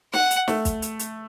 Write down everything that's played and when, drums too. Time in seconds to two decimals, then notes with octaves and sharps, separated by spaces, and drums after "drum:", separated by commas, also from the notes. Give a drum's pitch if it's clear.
0.13 F#5, drum: snare
0.31 drum: hi-hat
0.48 A3, drum: snare
0.65 drum: kick, hi-hat
0.82 drum: hi-hat
0.99 drum: hi-hat